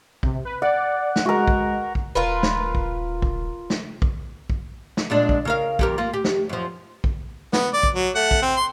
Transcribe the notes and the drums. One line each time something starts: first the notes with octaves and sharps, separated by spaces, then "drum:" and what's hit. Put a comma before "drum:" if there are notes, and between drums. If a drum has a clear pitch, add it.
C3, drum: kick A#1
B4
D5 F#5
drum: snare
G#3 F#4 A#4
drum: kick A#1
drum: kick A#1
D#1 F4 A#4 B4
drum: snare
drum: kick A#1
drum: kick A#1
drum: snare
drum: kick A#1
drum: kick A#1
drum: snare
A#2 G#3 D4
drum: kick A#1
C#3 A#4 F5
F2 G4 A#4, drum: kick A#1
A#3 F4
G4
drum: snare
F#2 F3
drum: kick A#1
B3, drum: snare
D5
drum: kick A#1
F#3
A3 F#5
drum: kick A#1
C4
C6